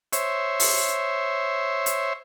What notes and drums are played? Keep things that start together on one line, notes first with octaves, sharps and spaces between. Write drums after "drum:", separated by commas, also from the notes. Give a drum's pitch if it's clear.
C5 C#5 E5, drum: hi-hat
drum: open hi-hat
drum: hi-hat